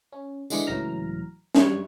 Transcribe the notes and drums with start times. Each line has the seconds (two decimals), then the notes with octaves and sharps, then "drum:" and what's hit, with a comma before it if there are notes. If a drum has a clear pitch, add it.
0.12 C#4
0.50 D3 E3 G#3 D6 C#7, drum: tambourine
0.67 C#2 A2 E3 F#3 A#5 F6
1.55 G2 F#3 G3 C#6 G#6, drum: snare